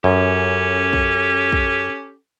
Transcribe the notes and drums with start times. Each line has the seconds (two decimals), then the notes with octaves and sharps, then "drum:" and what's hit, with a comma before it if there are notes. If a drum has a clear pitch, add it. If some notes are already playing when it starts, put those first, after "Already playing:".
0.04 F#2 C#4 G4 A4
0.93 drum: kick
1.52 drum: kick